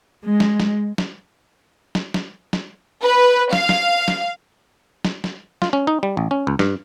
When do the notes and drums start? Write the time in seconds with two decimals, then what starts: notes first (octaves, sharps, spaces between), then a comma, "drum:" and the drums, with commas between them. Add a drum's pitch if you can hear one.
0.23 G#3
0.40 drum: snare
0.60 drum: snare
0.98 drum: snare
1.95 drum: snare
2.14 drum: snare
2.53 drum: snare
3.03 B4
3.53 F5, drum: snare
3.69 drum: snare
4.08 drum: snare
5.05 drum: snare
5.24 drum: snare
5.62 F4, drum: snare
5.73 C#4
5.87 D#4
6.03 G3
6.17 A1
6.31 C#4
6.47 C#2
6.59 G2, drum: snare